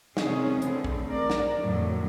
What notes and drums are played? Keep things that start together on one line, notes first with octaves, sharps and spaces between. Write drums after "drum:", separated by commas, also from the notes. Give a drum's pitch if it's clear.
C3 D#3 G#3 C#4 G#4, drum: snare
D3 E3 A3 C4, drum: hi-hat
drum: kick
A#4 D5
drum: snare
F2 A2 D3 F#3